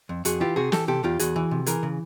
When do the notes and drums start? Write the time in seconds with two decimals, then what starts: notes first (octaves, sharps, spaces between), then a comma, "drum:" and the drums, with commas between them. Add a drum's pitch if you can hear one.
0.09 F2
0.25 F2 F#4 G#4, drum: hi-hat
0.40 E3 F4 G4
0.56 C3 F#4 G#4
0.72 E3 G4 A4, drum: snare
0.88 C3 G4 A4
1.04 E2 F4 G4
1.19 E2 F#4 G#4, drum: hi-hat
1.36 E3
1.51 C3
1.66 E3 G#4 A#4, drum: hi-hat
1.83 C#3